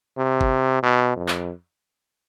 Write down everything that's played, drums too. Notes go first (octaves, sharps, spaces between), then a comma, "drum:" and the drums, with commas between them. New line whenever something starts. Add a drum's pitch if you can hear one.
C3
drum: kick G1
B2
F2
drum: clap